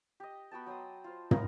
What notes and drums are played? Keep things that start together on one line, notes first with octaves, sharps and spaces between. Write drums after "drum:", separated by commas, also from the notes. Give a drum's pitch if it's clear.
G4 D#5
B3 F#4 G5 A5
F#3 G5 C6 D#6
F4 C5
B3 D#4 A#4, drum: tom